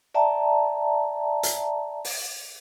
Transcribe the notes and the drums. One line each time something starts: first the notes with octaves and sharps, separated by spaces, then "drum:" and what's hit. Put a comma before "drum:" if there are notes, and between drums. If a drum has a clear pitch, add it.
D5 E5 G5 A5 A#5
drum: hi-hat
drum: open hi-hat